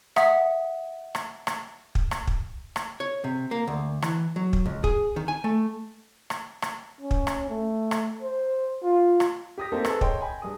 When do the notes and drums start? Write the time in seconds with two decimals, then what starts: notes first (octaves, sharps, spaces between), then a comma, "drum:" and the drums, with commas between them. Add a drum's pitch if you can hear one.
0.16 E5 F#5 D#6, drum: rim click
1.15 drum: rim click
1.47 drum: rim click
1.95 drum: kick
2.11 drum: rim click
2.27 drum: kick
2.76 drum: rim click
3.00 C#5
3.24 C3
3.51 A#3
3.67 D2
4.02 E3, drum: rim click
4.36 F#3
4.53 drum: kick
4.66 C#2
4.84 G#4, drum: kick
5.16 D#3
5.28 G#5
5.44 A3
6.30 drum: rim click
6.62 drum: rim click
7.01 C#4
7.11 drum: kick
7.27 drum: rim click
7.50 A3
7.91 drum: rim click
8.22 C5
8.83 F4
9.20 drum: rim click
9.58 G4 D#6 A#6
9.72 A#3 C4 D#4 G4 A4 C5
9.85 G#4 A4 B4 A5 E6, drum: rim click
10.01 C#5 D#5 G5 C6, drum: kick
10.20 G5 G#5 B5
10.42 G2 G#4 D#6